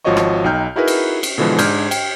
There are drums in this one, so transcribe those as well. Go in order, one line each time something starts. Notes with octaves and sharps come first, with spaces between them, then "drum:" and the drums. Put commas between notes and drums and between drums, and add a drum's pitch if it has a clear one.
G#1 F3 F#4 C#5 D#5 C#6
drum: rim click
B1 D#4 G5 F6 G6
D#4 E4 F#4 G#4 A#4 B4
drum: cymbal
drum: cymbal
B2 D3 E3 F3 G#3
G#2 D4 G#4 F6 G6 G#6, drum: cymbal
G5, drum: cymbal